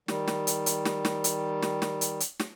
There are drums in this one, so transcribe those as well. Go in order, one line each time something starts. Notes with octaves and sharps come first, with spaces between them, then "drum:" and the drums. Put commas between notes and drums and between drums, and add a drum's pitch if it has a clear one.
D#3 G3, drum: snare
drum: snare
drum: hi-hat
drum: hi-hat
drum: snare
drum: snare
drum: hi-hat
drum: snare
drum: snare
drum: hi-hat
drum: hi-hat
drum: snare